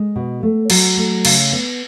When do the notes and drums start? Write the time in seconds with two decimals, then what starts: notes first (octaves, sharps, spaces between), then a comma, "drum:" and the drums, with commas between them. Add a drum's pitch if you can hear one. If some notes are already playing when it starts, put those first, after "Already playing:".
Already playing: G#3
0.16 B2
0.43 A3
0.70 F#3, drum: cymbal
0.97 A3
1.25 C#3, drum: cymbal
1.52 B3